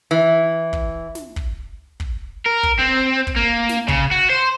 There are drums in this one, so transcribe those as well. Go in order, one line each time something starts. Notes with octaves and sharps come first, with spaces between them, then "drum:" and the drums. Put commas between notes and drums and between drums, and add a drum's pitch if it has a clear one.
E3
drum: kick
drum: snare
drum: kick
drum: kick
A#4
drum: kick
C4
drum: kick
A#3
drum: snare
C#3, drum: kick
F#4
C5